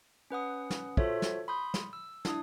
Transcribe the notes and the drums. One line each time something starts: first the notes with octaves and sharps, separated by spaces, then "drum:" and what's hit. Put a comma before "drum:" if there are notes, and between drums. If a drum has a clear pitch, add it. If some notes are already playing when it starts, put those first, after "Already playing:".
C#4 B4 F#5 D#6
drum: snare
F4 F#4 A4 C5 C#5 E5, drum: kick
drum: snare
B5 C6 D#6 G6
drum: snare
E6
D4 E4 D#6, drum: snare